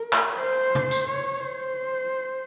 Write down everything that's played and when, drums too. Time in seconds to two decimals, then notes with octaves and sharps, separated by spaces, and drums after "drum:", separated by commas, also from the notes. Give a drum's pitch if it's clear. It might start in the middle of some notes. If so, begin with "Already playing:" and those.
Already playing: A#4
0.13 drum: clap
0.36 C5
0.75 drum: tom
0.91 drum: tambourine
1.09 C#5
1.46 C5